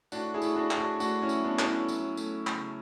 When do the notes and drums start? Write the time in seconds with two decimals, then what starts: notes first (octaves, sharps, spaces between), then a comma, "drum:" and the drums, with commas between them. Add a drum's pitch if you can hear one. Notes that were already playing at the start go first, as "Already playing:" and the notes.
0.12 A2 D4 F#4, drum: tambourine
0.34 E4 G#4
0.42 A2, drum: tambourine
0.56 D4 F#4
0.71 A2, drum: clap
0.78 D4 F#4
1.00 A3 D4 F#4, drum: tambourine
1.22 C#4 E4
1.29 F#3, drum: tambourine
1.44 B3 D4
1.59 A2, drum: clap
1.66 C#4 E4
1.89 F#3, drum: tambourine
2.17 A3, drum: tambourine
2.47 C#3, drum: clap